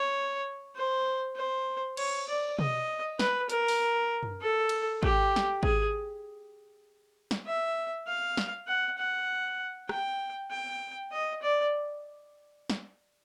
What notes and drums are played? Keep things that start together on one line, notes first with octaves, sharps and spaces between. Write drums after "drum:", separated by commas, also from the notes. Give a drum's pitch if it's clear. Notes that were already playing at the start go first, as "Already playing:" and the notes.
Already playing: C#5
C5
C5
C#5, drum: cymbal
D5
D#5, drum: tom
B4, drum: snare
A#4, drum: hi-hat
drum: open hi-hat
drum: tom F#2
A4
drum: cymbal
G4, drum: kick
drum: snare
G#4, drum: kick
drum: snare
E5
F5
drum: snare
F#5
F#5
G5, drum: rim click
G5
D#5
D5
drum: snare